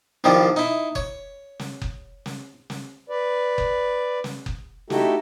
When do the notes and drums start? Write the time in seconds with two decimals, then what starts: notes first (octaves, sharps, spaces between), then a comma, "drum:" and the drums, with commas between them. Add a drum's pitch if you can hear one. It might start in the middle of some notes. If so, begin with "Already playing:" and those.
0.24 C2 D#3 F3 G3 C4
0.56 D#4 E4
0.95 C#5, drum: kick F#1
1.59 drum: snare
1.82 drum: kick F#1
2.26 drum: snare
2.70 drum: snare
3.09 B4 D5
3.58 drum: kick F#1
4.24 drum: snare
4.46 drum: kick F#1
4.90 A3 D#4 E4 F#4 G4 A4, drum: snare